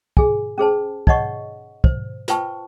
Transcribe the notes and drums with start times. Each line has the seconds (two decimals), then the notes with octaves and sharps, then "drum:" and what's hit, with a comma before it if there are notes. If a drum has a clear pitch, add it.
0.17 G#4 G#5, drum: kick
0.58 C#4 G#4 C5 A5
1.07 D#4 C#5 D#5 F#5 C#6, drum: kick
1.84 C5, drum: kick
2.28 F4 B4 C5 G5 A5 C#6, drum: hi-hat